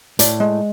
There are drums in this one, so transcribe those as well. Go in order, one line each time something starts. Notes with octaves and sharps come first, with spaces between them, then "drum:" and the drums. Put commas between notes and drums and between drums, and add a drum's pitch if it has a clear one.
A2 D5, drum: hi-hat
G#3